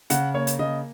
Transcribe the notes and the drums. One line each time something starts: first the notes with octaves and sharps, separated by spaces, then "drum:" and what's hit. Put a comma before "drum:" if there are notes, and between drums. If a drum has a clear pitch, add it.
C#3 F#5, drum: hi-hat
A#3 C#5
drum: hi-hat
C#3 D#5